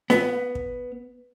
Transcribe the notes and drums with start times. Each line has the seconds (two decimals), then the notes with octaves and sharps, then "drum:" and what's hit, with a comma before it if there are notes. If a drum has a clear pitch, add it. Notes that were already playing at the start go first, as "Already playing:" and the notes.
0.10 B3, drum: snare F4
0.55 drum: kick